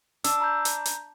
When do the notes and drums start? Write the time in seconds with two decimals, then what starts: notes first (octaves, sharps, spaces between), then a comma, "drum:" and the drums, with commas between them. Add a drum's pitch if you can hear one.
0.24 D4 E6, drum: hi-hat
0.40 A#5 B5 G6
0.65 drum: hi-hat
0.86 drum: hi-hat